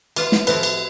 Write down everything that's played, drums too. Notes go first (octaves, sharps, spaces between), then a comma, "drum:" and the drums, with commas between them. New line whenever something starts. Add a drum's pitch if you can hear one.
E3 B3 F4, drum: cymbal
drum: snare
A2 F3 C4 E4 B4, drum: cymbal
drum: cymbal